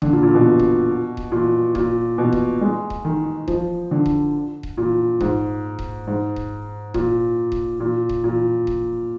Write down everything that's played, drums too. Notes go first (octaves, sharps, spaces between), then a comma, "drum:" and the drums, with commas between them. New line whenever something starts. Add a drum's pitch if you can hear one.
D3, drum: kick D#1
A#2
A#2
B2
drum: kick D#1
drum: kick D#1
A#2
A#2, drum: kick D#1
B2
drum: kick D#1
G#3
drum: kick D#1
D#3
F3, drum: kick D#1
D3
drum: kick D#1
drum: kick D#1
A#2
G#2, drum: kick D#1
drum: kick D#1
G#2
drum: kick D#1
A#2, drum: kick D#1
drum: kick D#1
A#2
drum: kick D#1
A#2
drum: kick D#1